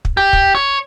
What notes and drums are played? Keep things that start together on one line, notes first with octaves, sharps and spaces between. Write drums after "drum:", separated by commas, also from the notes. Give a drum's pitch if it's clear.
drum: kick
G4
drum: kick
C#5